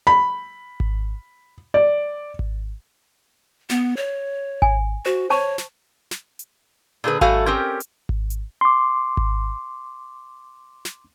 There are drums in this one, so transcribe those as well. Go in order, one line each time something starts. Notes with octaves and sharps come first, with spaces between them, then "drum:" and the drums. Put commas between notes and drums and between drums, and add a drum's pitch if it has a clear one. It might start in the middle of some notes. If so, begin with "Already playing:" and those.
B5
drum: kick G#1
D5
drum: kick G#1
B3, drum: snare
C#5
G#5, drum: kick G#1
F#4 C5
C5 C#5 A5 C#6
drum: snare
drum: snare
drum: hi-hat
A#2 D3 G#4 B4
G3 A3 F#4 A4 F5 G#5, drum: kick G#1
C4 C#4 G4 A#4
drum: hi-hat
drum: kick G#1
drum: hi-hat
C6 D6
drum: kick G#1
drum: snare